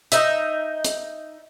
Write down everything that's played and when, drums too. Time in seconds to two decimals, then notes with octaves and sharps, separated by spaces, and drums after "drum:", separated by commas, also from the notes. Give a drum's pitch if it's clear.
0.12 D#4 D#5 E5, drum: hi-hat
0.84 drum: hi-hat